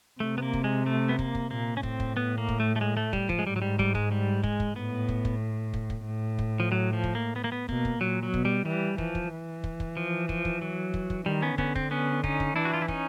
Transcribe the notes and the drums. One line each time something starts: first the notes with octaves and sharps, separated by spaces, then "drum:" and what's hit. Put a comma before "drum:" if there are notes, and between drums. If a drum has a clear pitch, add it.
C3 A3
B3
A#3
drum: kick
G#3
A3
B3
A#3, drum: kick
drum: kick
A#2 A#3
C#4
A2 C4, drum: kick
drum: kick
B3
A#3
drum: kick
A3
A3
G#3
A3
G3, drum: kick
F3, drum: kick
G#3
G#2 G3
F#3
G3
G3, drum: kick
G#3, drum: kick
G3
G#3, drum: kick
drum: kick
A2 B3
drum: kick
drum: kick
drum: kick
drum: kick
A2
drum: kick
F3
F#3
F3
drum: kick
A#3
B3
A#3
B3
B2 A#3, drum: kick
drum: kick
A#2 F#3
F#3
B2, drum: kick
G3
E3 G3
E3 F3, drum: kick
drum: kick
E3
drum: kick
drum: kick
F3
F3, drum: kick
drum: kick
F#3
drum: kick
drum: kick
D#3 G3
B3 C#4
D3 B3 C#4, drum: kick
C4, drum: kick
B3 C#4
C#4 D#4, drum: kick
drum: kick
E3 D4 E4
F#4
F4
E4
C#4 D#4, drum: kick